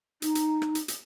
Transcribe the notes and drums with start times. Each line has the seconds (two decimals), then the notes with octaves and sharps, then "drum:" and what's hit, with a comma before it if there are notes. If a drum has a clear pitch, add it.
0.22 D#4, drum: hi-hat
0.35 drum: hi-hat
0.62 drum: rim click
0.75 drum: hi-hat
0.88 drum: hi-hat